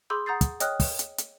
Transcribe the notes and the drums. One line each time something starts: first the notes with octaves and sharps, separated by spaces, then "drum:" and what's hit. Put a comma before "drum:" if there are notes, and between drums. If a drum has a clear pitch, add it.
G#4 B5 C6 D6 E6 G6
F#5 A#5 D#6 G6 A6 C7
drum: kick, hi-hat
C#5 D#5 G5 D#6 F6 F#6, drum: hi-hat
drum: kick, open hi-hat
drum: hi-hat
drum: hi-hat